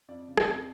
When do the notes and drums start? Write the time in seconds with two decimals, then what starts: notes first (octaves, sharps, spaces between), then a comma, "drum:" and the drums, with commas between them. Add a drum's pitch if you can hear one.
0.08 F2 D5
0.28 C#3
0.37 drum: rim click
0.48 F2